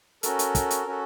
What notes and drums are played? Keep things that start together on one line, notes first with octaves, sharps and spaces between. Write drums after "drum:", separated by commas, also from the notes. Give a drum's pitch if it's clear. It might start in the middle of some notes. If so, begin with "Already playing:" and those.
C#4 F#4 A4 A#4, drum: hi-hat
drum: hi-hat
drum: kick, hi-hat
drum: hi-hat
C#4 F#4 A4